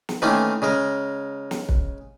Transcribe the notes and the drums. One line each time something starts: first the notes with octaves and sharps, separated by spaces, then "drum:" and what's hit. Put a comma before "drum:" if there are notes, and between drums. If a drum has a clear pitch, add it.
drum: snare
D#3 E3 A3 A#3 C4 C#4
C#3 G#3 A#4
drum: snare
drum: kick